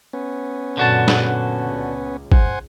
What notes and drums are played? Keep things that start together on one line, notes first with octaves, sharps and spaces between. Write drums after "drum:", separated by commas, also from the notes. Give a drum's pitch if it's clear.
B3 C#4
F#2 A#2 D3 F#4 A5
drum: snare
C#2
C5 F#5 G#5, drum: kick